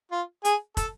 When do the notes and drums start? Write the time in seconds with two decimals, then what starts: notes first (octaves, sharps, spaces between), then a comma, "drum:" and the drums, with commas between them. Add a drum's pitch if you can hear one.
0.12 F4
0.45 G#4, drum: hi-hat
0.77 A4, drum: kick, hi-hat